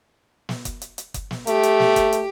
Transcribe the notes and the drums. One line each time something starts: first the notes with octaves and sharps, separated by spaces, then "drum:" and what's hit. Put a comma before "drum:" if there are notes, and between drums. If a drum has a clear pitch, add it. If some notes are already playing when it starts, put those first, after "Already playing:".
drum: snare
drum: kick F#1, hi-hat
drum: hi-hat
drum: hi-hat
drum: kick F#1, hi-hat
drum: snare
A3 G4, drum: hi-hat
drum: hi-hat
drum: snare
drum: kick F#1, hi-hat
drum: hi-hat